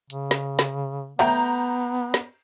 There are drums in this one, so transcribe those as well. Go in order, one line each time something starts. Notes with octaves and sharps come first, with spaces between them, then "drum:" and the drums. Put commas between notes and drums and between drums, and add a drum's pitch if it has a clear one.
C#3, drum: hi-hat
drum: snare
drum: snare
A3 B3 F#5 G5 A#5 G6, drum: cymbal
drum: snare